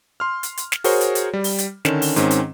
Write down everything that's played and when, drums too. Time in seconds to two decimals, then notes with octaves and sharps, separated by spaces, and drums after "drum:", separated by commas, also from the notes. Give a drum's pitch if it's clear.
0.20 C6 F6
0.43 drum: hi-hat
0.57 drum: hi-hat
0.72 drum: snare
0.84 F#4 G#4 A#4 C5 C#5, drum: open hi-hat
1.01 drum: hi-hat
1.15 drum: hi-hat
1.33 G3
1.44 drum: open hi-hat
1.58 drum: hi-hat
1.85 D3 D#3 C#4 E7, drum: snare
2.02 drum: open hi-hat
2.16 G#2 D#3 C4 C#4, drum: hi-hat
2.31 drum: hi-hat